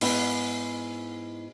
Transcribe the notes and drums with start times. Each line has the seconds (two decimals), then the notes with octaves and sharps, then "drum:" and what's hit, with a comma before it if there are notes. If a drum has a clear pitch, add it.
0.01 G#2 B3 E4 E5 F#5 G#5, drum: open hi-hat